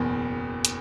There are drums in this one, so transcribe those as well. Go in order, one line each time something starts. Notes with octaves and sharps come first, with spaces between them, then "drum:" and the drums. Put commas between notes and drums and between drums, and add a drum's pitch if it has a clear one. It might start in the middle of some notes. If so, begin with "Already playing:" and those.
Already playing: F#1 E2 B2
drum: hi-hat